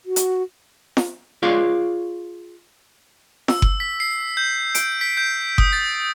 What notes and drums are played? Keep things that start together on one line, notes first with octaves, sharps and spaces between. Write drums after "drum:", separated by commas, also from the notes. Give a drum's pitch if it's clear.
F#4
drum: hi-hat
drum: snare
F4 G#4 C#5 D5 F5
E6, drum: snare
drum: kick F#1
B6
C7
G6
D7, drum: hi-hat
B6
G6
D#6, drum: kick F#1
A6